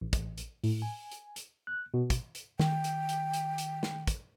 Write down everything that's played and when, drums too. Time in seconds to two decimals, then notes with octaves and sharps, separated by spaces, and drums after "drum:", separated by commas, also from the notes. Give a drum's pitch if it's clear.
0.01 A1
0.13 drum: kick, hi-hat
0.38 drum: hi-hat
0.64 A2, drum: open hi-hat
0.82 G#5
1.12 drum: hi-hat
1.36 drum: hi-hat
1.67 F#6
1.94 B2
2.10 drum: kick, hi-hat
2.35 drum: hi-hat
2.60 D#3 G5, drum: snare
2.84 drum: hi-hat
3.09 drum: hi-hat
3.34 drum: hi-hat
3.58 drum: hi-hat
3.83 drum: snare
4.07 drum: kick, hi-hat